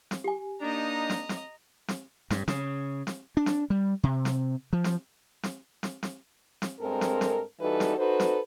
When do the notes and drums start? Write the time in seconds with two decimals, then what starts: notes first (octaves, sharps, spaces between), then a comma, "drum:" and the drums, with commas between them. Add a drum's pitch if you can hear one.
0.11 drum: snare
0.24 G4 G#5
0.62 A#3 D4 D#4 D#5 A#5
1.10 drum: snare
1.29 drum: snare
1.88 drum: snare
2.30 G2, drum: snare
2.48 C#3, drum: snare
3.07 drum: snare
3.37 D4
3.46 drum: snare
3.70 G3
4.03 C3
4.25 drum: snare
4.73 F3
4.84 drum: snare
5.43 drum: snare
5.83 drum: snare
6.03 drum: snare
6.62 drum: snare
6.80 G2 G#3 C4 A4 A#4
7.01 drum: snare
7.21 drum: snare
7.60 E3 G3 D#4 F#4 A4 B4
7.80 drum: snare
7.97 D#4 F#4 A4 B4 C5
8.20 drum: snare